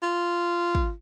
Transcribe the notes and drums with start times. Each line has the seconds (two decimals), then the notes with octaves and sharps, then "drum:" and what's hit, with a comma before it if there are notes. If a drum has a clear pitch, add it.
0.03 F4
0.75 drum: kick